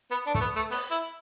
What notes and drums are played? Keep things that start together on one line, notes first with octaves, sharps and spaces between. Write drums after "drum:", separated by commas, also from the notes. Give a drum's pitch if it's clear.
B3
D4
A3, drum: kick
B3
A3
B3, drum: open hi-hat
E4